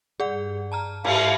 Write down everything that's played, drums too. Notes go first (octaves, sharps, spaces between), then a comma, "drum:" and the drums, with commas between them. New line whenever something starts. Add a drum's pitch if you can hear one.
G2 G#4 D5 F#5
A5 A#5 F6
G#2 E4 F5, drum: cymbal